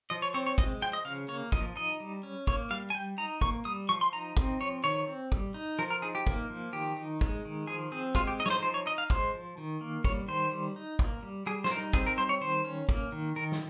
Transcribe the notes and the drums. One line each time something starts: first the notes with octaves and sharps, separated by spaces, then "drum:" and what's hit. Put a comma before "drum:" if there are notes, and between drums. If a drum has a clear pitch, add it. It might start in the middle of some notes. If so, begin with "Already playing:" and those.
F3 D#5
C#5
C4 C#5
C#5
G#3 D#5, drum: kick
F3 G5
D#5
C#3 F5
A#3 C#5
F3 D#5, drum: kick
D#4 D#5
G3
C#4
A#3 C#5, drum: kick
G3 F5
G#5
G3 G5
D#4 A#5
A#3 C#6, drum: kick
G3 D#6
F3 C#6
C6
D#4 A#5
C4, drum: kick
F3 C#5
D#3 C#5
C4
G3, drum: kick
D#4
F3 A#4
A#4
D#4 G#4
G4
A#3, drum: kick
F3
D#3 G4
D#4
G#3, drum: kick
D#3
F3 G#4
C4 G#4
G#3 F4, drum: kick
G4
D#4 D#5
C#5, drum: snare
C5
F3 C5
C#5
D#4 D#5
F5
G#3 C5, drum: kick
F3
D#3
A#3
G3 C#5, drum: kick
D#3 C5
G3
D#4
A#3, drum: kick
G3
G3 G#4
C5, drum: snare
D#4 A#4
C4 G#4, drum: kick
A#4
G3 C5
C#5
D#3 C5
C#4
A#3, drum: kick
D#3
D#3 A#4
drum: snare